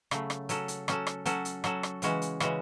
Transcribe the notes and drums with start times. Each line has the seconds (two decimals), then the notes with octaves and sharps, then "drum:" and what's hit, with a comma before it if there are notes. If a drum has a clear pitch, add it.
0.11 C#3 F#3 A3, drum: rim click
0.30 drum: rim click
0.49 F#3 C#4 F#4 A4, drum: hi-hat
0.68 drum: hi-hat
0.88 F#3 C#4 F#4 A4, drum: rim click
1.07 drum: rim click
1.25 F#3 C#4 F#4 A4, drum: hi-hat
1.45 drum: hi-hat
1.64 F#3 C#4 F#4 A4, drum: rim click
1.83 drum: rim click
2.02 C#3 E3 G#3 C#4 F#4, drum: hi-hat
2.22 drum: hi-hat
2.40 C#3 E3 G#3 C#4 F#4, drum: rim click